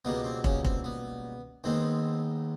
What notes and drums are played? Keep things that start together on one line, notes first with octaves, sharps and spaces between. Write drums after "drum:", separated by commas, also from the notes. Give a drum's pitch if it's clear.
C#2 B2 G3 A#3 B3
C4
C#3 C#4, drum: kick
C4, drum: kick
B3
D#2 D#3 G#3 B3 C4